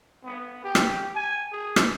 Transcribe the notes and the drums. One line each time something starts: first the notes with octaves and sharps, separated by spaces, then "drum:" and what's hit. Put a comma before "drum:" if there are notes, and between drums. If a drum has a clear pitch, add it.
B3
G4
drum: rim click
G#5
G#4
drum: rim click